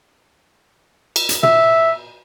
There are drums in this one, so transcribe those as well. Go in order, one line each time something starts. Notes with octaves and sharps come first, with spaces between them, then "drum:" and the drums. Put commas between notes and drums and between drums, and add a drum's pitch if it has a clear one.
drum: cymbal
drum: hi-hat
E5, drum: tom